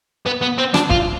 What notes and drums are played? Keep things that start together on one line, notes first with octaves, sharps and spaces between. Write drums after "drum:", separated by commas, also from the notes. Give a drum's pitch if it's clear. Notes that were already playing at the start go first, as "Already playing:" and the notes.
B3
B3
C4
D4, drum: rim click
F4, drum: kick